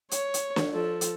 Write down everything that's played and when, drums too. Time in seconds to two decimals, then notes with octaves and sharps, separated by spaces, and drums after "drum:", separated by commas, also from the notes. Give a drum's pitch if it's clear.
0.11 C#5, drum: hi-hat
0.34 drum: hi-hat
0.56 drum: snare
0.72 F3 A4
1.01 drum: hi-hat